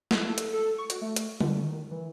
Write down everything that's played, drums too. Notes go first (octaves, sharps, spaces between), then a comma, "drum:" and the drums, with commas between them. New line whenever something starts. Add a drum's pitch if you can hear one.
G#3, drum: snare
A4
drum: hi-hat
A4
C#6
F#4, drum: hi-hat
A3
drum: hi-hat
D3, drum: tom G3
D#3
E3